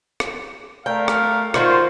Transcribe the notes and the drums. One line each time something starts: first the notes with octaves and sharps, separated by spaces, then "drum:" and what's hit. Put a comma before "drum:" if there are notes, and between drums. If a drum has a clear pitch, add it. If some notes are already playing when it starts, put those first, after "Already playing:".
drum: rim click
A3 A#4 F5 G5
drum: rim click
D#3 A#3 F4 F#4 C5, drum: rim click